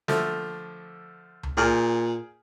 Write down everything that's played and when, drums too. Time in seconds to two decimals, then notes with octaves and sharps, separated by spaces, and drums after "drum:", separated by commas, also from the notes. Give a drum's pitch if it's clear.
0.08 D3 F3 A3, drum: snare
1.43 drum: tom C#2
1.57 A#2 G#4 G5 F6